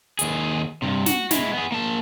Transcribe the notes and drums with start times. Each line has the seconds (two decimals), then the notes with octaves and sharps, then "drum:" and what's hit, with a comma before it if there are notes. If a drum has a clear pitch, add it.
0.19 D#2 G#4, drum: hi-hat
0.82 G2 C3
1.06 F#4, drum: snare
1.31 G#3 E4, drum: snare
1.53 B3 G#4
1.72 A#3 A5